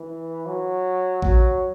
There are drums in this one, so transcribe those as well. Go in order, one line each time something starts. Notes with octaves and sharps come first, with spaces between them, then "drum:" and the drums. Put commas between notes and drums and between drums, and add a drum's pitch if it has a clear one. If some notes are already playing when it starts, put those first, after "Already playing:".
Already playing: E3
F#3
F#3, drum: kick A1